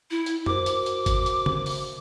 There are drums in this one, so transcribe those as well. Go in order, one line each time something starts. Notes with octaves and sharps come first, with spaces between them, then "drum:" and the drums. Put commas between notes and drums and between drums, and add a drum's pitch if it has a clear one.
E4
drum: hi-hat
F#4 A#4 C5 D6, drum: tom
drum: hi-hat
drum: hi-hat
drum: kick G1, hi-hat
drum: hi-hat
drum: tom C#3
drum: open hi-hat